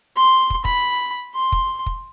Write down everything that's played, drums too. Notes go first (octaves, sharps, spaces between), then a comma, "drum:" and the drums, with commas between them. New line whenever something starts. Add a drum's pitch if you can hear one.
C6
drum: kick
B5, drum: kick
C6
drum: kick
drum: kick